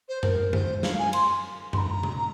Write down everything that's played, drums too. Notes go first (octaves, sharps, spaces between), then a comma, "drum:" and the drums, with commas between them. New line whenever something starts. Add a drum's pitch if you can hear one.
C5
A#4, drum: tom F#2
C5, drum: tom F#2
F5, drum: snare
G#5
C6, drum: cymbal
C6, drum: tom F#2
A#5
drum: tom C3